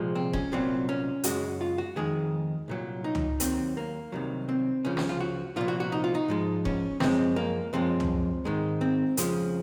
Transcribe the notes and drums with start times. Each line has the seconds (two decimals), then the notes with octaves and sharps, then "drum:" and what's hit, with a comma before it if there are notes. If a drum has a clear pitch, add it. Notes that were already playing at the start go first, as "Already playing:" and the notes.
Already playing: C2 A#2 F3 G#3
0.15 C4
0.33 C#4, drum: kick E1
0.52 C2 A#2 F#3 C4
0.89 C#4
1.24 F#2 C#3 G#3 F#4, drum: hi-hat
1.61 F4
1.78 F#4
1.96 F2 D#3 G#3 G#4
2.68 C2 A#2 F#3
3.04 D#4
3.15 drum: tom
3.40 D#2 D#3 F#3 C4, drum: hi-hat
3.77 A#3
4.12 C2 C3 D#3 F#3
4.49 C4
4.85 C#2 C#3 F3 C#4
4.97 C#4, drum: snare
5.09 F4
5.20 F#4
5.56 C2 A#2 F3 F4
5.68 F#4
5.80 F#4
5.92 D#4
6.04 F4
6.15 D#4
6.28 G#2 F3 G#3
6.65 C#4, drum: kick E1
7.00 F#2 F3 G#3 C4, drum: snare
7.36 A#3
7.73 F#2 F3 G#3 C4
8.00 drum: tom
8.45 G#2 D#3 G#3
8.81 C4
9.17 F2 C#3 F3 G#3, drum: hi-hat